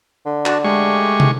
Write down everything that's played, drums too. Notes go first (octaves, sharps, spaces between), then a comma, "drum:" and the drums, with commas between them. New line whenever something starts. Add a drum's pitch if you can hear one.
D3
D4 F#4 A5, drum: clap
G#3 A3 G4 C#6
drum: tom